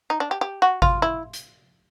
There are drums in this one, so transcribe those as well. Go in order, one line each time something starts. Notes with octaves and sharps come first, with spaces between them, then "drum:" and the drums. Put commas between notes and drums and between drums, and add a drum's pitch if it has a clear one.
D#4
D4
G4
G4
F#4
F4, drum: kick G#1
E4
drum: hi-hat